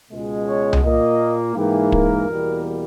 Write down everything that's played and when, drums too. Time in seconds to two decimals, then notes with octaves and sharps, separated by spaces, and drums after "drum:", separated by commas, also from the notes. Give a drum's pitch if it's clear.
0.11 C#2 B2 G#3
0.47 C#5
0.73 drum: tom C2
0.83 A#2 A#3 D#5
1.55 G#2 E3 A#3 G4
1.92 A#4, drum: kick
2.28 E2 B2 G3 A#3